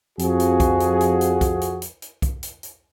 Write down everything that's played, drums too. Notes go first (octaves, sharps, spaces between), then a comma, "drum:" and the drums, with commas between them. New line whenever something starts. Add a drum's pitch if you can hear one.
F2 F3 F#4 G#4, drum: hi-hat
drum: hi-hat
drum: kick B1, hi-hat
drum: hi-hat
drum: hi-hat
drum: hi-hat
drum: kick B1, hi-hat
drum: hi-hat
drum: hi-hat
drum: hi-hat
drum: kick B1, hi-hat
drum: hi-hat
drum: hi-hat